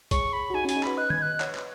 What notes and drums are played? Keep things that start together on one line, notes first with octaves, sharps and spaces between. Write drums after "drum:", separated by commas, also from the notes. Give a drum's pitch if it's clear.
G#4 C#5 C#6, drum: kick B1, hi-hat
B5
F#4
D#4 G#4 G#5
C#4 F#4
G#5, drum: hi-hat
D#4 G#4
F#4 B4 B5, drum: clap
B4 D#5 F#6
G#6, drum: tom D#3
F#6
C#5 F#5, drum: clap
drum: clap